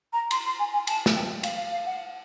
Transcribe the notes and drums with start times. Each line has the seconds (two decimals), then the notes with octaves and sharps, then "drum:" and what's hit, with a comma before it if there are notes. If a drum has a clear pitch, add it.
0.13 A#5
0.31 C6, drum: cymbal
0.45 C6
0.59 G#5
0.73 G#5
0.87 A5, drum: cymbal
1.06 drum: snare
1.16 G5
1.43 F5, drum: cymbal
1.57 F5
1.71 F5
1.86 F#5